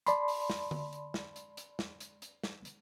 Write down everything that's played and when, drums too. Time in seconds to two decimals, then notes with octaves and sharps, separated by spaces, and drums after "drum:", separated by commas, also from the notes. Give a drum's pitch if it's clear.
0.06 D5 A5 B5 C6, drum: hi-hat
0.28 drum: open hi-hat
0.50 drum: snare
0.71 drum: tom D3
0.93 drum: hi-hat
1.14 drum: snare
1.36 drum: hi-hat
1.57 drum: hi-hat
1.79 drum: snare
2.00 drum: hi-hat
2.22 drum: hi-hat
2.44 drum: snare
2.65 drum: hi-hat